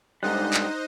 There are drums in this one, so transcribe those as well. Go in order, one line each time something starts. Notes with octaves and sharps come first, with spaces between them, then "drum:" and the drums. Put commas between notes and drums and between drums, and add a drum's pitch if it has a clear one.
G#2 D3 G3 D#4 C5 D#5 F#6
drum: clap